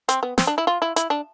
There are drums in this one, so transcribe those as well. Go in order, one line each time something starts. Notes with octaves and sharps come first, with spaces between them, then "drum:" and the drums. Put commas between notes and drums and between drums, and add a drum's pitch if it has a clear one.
C4, drum: hi-hat
B3
C4, drum: snare
D4
E4
F4
E4
E4, drum: hi-hat
D4